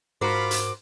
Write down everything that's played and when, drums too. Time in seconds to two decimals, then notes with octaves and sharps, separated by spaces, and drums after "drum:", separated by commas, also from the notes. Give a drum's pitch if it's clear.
0.21 G#2 F4 F#4 A#4 C5 B5 D6
0.51 drum: hi-hat